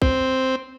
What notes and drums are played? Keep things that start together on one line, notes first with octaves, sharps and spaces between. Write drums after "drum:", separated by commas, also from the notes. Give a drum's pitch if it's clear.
C4, drum: kick